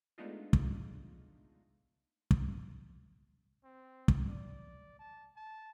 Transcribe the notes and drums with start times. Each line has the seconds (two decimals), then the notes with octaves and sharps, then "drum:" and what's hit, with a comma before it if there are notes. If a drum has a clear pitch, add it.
0.18 G#3 A3 B3 D4 D#4 F4
0.53 drum: kick
2.31 drum: kick
3.64 C4
4.08 drum: kick
4.29 D5
4.99 A5
5.36 A5